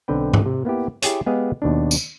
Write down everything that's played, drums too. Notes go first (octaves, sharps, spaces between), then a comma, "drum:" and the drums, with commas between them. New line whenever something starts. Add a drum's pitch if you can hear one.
B1 D3 C4 B4 G5
drum: tom
C3
A#3 B3 E4 G4
E4 G4 G#4 C#5, drum: hi-hat
G#3 B3 G4 G#4 D#5 F5
D#2 B2 D4
drum: tambourine